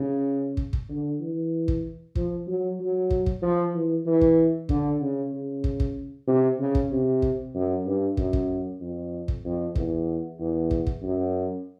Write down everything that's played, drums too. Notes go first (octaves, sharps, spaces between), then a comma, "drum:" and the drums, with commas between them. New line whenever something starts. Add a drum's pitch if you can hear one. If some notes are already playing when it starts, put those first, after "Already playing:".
Already playing: C#3
drum: kick
drum: kick
D3
E3
drum: kick
F3, drum: kick
F#3
F#3
drum: kick
drum: kick
F3
E3
E3
drum: kick
D3, drum: kick
C#3
C#3
drum: kick
drum: kick
C3
C#3
drum: kick
C3
drum: kick
F#2
G2
F#2, drum: kick
drum: kick
F2
drum: kick
F2
E2, drum: kick
E2
drum: kick
drum: kick
F#2